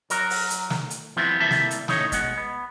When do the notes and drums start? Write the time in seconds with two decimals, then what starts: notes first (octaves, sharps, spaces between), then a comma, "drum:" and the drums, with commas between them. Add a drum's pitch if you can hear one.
0.10 F#3 F#4 A#4, drum: hi-hat
0.30 drum: open hi-hat
0.50 drum: hi-hat
0.70 drum: snare
0.90 drum: hi-hat
1.16 E3 F3 G3 B3 C4
1.40 C3 G3 A#3 E4 E5 A5
1.51 drum: snare
1.71 drum: hi-hat
1.88 A2 C#3 D#4 C#5, drum: snare
2.12 B2 G#3 F#5, drum: kick, hi-hat
2.37 B3